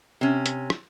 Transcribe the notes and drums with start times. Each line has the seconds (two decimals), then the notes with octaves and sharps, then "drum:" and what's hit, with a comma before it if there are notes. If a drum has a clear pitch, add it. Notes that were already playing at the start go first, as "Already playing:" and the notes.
0.21 C3 C#4
0.46 drum: hi-hat
0.70 drum: rim click